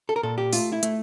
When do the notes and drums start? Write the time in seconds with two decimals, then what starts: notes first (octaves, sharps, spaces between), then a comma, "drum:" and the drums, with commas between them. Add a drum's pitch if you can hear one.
0.09 A4
0.16 A#4
0.23 A#2 A4
0.38 G4
0.53 A3 F4, drum: open hi-hat
0.72 E4
0.83 A3, drum: hi-hat